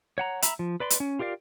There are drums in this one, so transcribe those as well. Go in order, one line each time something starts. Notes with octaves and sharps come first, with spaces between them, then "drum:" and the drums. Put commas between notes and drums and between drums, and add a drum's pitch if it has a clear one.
C#5 F#5 A#5
E5 A#5 B5, drum: hi-hat
F3
B4 D5 B5 C6
drum: hi-hat
C#4
F4 G4 A#4 D5 F5